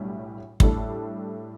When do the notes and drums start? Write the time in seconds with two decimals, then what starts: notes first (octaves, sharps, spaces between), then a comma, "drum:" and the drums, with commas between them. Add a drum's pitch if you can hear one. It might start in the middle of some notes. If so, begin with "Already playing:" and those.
Already playing: B1 A2 G3 D4
0.60 A2 G3 D4 A4, drum: kick